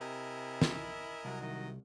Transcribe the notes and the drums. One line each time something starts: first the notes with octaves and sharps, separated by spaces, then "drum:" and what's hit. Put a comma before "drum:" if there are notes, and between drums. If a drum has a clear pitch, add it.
C3 E4 A#4 D#5 G#5
drum: snare
C2 F#3
D#3 D#5